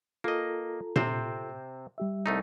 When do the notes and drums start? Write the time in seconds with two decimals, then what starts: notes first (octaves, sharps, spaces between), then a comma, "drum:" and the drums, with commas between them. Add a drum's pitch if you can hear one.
0.24 A#3 F4 A4 D#5 A#5
0.96 C3 C4 C5, drum: tom A#2
1.98 G3 G4 E5
2.26 C2 A3 D#4